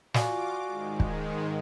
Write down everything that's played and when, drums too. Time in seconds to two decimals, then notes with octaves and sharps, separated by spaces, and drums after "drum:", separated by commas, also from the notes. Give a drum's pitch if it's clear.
0.14 F4 F#4 D5 F5 G#5 D6, drum: snare
0.67 G#2 D#3 G#3
1.00 drum: kick